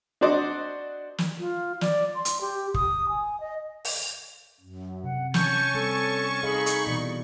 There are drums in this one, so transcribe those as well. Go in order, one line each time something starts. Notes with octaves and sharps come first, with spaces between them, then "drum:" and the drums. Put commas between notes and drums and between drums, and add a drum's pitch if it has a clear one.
D4 F#4 C5 D5 D#5
drum: snare
F4
D5, drum: snare
C6
drum: hi-hat
G4
D#6, drum: kick
G#5
D#5
drum: open hi-hat
F#2
C3 F#5
C#4 G#5 A5 C#6 G6, drum: snare
G3 C4 A4
D#4 G#4 A4 D#5 F5 B5
drum: hi-hat
B2 E3 D5